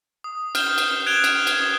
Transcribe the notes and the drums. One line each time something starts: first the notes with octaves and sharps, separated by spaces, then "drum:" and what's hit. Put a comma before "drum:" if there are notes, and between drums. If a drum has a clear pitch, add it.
D#6
F6 G6 G7, drum: cymbal
drum: cymbal
F#6 G#6 D7 E7 F7 G7
drum: cymbal
drum: cymbal
D#6